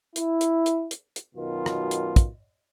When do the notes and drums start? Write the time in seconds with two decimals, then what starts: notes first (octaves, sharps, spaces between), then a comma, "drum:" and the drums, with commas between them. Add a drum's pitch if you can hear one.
0.16 E4, drum: hi-hat
0.41 drum: hi-hat
0.66 drum: hi-hat
0.91 drum: hi-hat
1.16 drum: hi-hat
1.35 F#2 B2 D#3 F4
1.66 drum: rim click
1.91 drum: hi-hat
2.16 drum: kick, hi-hat